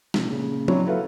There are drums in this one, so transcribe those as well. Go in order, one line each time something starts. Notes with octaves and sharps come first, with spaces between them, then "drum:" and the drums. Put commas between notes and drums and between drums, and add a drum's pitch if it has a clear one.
C3 F3, drum: snare
A#2 C#3
F#3 C4 D4 E4 C#5, drum: tom F3
E4 F#4 A4 B4 E5 F5